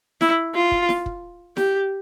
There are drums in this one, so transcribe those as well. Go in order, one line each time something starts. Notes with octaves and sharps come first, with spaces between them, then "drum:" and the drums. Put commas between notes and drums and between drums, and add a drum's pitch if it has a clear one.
E4, drum: snare E4
F4
drum: kick
drum: snare E4
drum: kick
G4, drum: snare E4